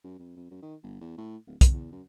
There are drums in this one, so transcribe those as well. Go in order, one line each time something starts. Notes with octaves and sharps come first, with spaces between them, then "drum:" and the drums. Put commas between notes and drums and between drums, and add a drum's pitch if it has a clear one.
F#2
F2
F2
F#2
D#3
G1
E2
A2
D1
G#1, drum: kick, hi-hat
E2
F#2